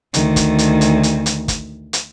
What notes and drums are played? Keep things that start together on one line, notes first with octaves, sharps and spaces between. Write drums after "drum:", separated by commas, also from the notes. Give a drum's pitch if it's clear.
D2 D#3, drum: hi-hat
drum: kick, hi-hat
drum: hi-hat
drum: hi-hat
drum: hi-hat
drum: hi-hat
drum: kick, hi-hat
drum: hi-hat